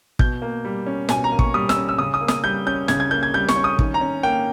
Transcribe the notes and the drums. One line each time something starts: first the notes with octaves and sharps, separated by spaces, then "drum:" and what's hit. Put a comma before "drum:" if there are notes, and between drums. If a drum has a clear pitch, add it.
B2 G6, drum: kick
A#3
G3
C#4
B2 G#5, drum: snare
A#5
A#3
C#6, drum: kick
G3 D#6
E6, drum: snare
C#4
E6
C#3 D#6
D#6
A#3
D#6, drum: snare
G3 G6
C#4 G6
C#3 G#6, drum: snare
G#6
A#3 G6
G#6
G3 G6
C#6, drum: snare
C#4
D#6
D#3, drum: kick
A#5
C#4
A#3 G5